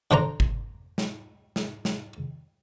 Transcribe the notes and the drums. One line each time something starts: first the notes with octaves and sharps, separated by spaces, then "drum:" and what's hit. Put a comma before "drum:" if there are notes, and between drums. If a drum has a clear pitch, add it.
D3 D4 C5 A#5
drum: kick G1
drum: snare
drum: snare
drum: snare